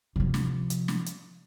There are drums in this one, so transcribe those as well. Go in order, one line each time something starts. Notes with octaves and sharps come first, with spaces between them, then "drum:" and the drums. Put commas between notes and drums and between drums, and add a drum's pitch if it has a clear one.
C3 F3
drum: snare
drum: hi-hat
drum: snare
drum: hi-hat